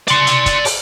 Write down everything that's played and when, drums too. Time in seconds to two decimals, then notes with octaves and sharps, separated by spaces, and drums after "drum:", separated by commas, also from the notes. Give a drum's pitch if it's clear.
0.08 D5 C6, drum: hi-hat
0.27 drum: hi-hat
0.46 drum: kick, hi-hat
0.65 drum: open hi-hat